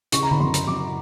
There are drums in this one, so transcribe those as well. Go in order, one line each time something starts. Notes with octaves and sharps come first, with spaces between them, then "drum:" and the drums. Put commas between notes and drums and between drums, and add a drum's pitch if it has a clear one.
C#3 C#6, drum: hi-hat
A#5
B5, drum: tom D3
F#2 C6
drum: hi-hat
F#2 D6